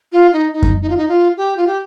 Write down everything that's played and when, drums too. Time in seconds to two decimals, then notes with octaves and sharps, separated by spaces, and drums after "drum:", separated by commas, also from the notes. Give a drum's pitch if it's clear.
0.12 F4
0.33 D#4
0.53 D#4
0.63 drum: kick F#2
0.82 D#4
0.90 F4
0.97 D#4
1.09 F4
1.37 G4
1.57 F4
1.67 G4